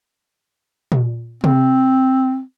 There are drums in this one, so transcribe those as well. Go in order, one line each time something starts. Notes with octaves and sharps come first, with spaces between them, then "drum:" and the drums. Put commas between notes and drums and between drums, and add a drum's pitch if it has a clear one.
drum: tom A#2
C4, drum: tom C3